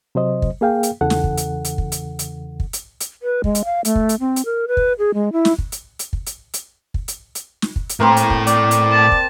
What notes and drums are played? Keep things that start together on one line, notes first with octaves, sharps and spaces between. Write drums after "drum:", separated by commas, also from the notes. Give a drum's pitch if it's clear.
C3 F#3 C5 D#5
drum: kick
A#3 G#4 F5 G5
drum: hi-hat
E2 C#3 E3 A4 F#5
drum: snare
drum: kick
drum: hi-hat
drum: hi-hat
drum: kick
drum: hi-hat
drum: hi-hat
drum: kick
drum: hi-hat
drum: hi-hat
B4
G#3, drum: kick
drum: hi-hat
F5
A3, drum: hi-hat
drum: kick
drum: hi-hat
C4
drum: hi-hat
A#4
B4
drum: kick
G#4
G#3
E4
drum: snare
drum: kick
drum: hi-hat
drum: hi-hat
drum: kick
drum: hi-hat
drum: hi-hat
drum: kick
drum: hi-hat
drum: hi-hat
drum: snare
drum: kick
drum: hi-hat
A2 A3 A#3 C4 C5
drum: hi-hat
drum: kick
D5, drum: hi-hat
drum: hi-hat
A5
drum: kick